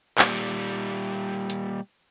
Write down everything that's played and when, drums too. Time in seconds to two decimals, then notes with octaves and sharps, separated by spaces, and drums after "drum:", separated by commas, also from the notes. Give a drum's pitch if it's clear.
0.18 A#2 G3, drum: clap
1.50 drum: hi-hat